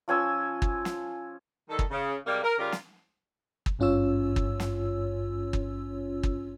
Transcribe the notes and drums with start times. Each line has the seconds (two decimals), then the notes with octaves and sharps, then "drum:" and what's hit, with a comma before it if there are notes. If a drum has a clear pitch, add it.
0.08 F3 C#4 G#5 E6
0.62 drum: kick
0.85 drum: snare
1.69 D#3 G3 A4
1.79 drum: kick
1.90 C#3
2.26 C3 G3 G#3 A#3
2.43 A#4
2.58 C#3 G3 F4 G4 A#4
2.72 drum: snare
3.66 drum: kick
3.79 G#1 G2 C#4 F4 C#5 E6
4.36 drum: kick
4.60 drum: snare
5.53 drum: kick
6.23 drum: kick